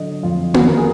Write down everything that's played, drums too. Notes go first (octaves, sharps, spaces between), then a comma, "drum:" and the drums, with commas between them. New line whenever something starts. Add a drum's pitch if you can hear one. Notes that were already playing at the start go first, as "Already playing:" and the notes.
Already playing: D3 F#3 D#5
F2 F4
B3 F#4, drum: tom A#3
A#4
G#4